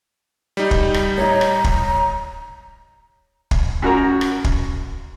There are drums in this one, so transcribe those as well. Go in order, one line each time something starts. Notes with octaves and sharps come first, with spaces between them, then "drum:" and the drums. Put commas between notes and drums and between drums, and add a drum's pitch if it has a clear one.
G3 D#4
drum: kick
drum: rim click
C#5 D#5 A#5
drum: rim click
drum: kick
drum: kick
F#2 F#4 A#4 A#5
drum: rim click
drum: kick